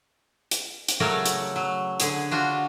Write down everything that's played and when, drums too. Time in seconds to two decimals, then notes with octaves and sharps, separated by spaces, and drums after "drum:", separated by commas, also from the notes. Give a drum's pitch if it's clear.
0.51 drum: hi-hat
0.88 drum: hi-hat
1.00 C#3 F#3 A3 A#4 C#5 D5
1.26 drum: hi-hat
1.56 F#3
2.00 D3 G#4, drum: hi-hat
2.31 D4 F4 F#4